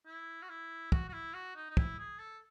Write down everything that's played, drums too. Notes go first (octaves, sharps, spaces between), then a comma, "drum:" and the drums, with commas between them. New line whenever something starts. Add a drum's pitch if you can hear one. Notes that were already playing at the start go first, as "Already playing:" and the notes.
E4
F#4
E4
F#4, drum: kick
F#4
E4
F#4
D#4
D#4
E4, drum: kick
G#4
A4